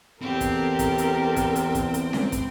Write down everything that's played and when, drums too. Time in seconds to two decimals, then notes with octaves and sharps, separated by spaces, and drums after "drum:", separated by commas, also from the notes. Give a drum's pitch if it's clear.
0.21 E2 C4 G4 A4 A#4
0.41 drum: kick, hi-hat
0.79 drum: kick, hi-hat
0.98 drum: hi-hat
1.36 drum: kick, hi-hat
1.56 drum: hi-hat
1.75 drum: kick, hi-hat
1.94 drum: hi-hat
2.13 drum: snare C#4
2.32 drum: kick, hi-hat